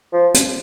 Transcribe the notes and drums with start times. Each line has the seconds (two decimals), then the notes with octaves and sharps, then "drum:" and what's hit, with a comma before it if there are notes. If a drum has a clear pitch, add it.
0.13 F3
0.34 drum: hi-hat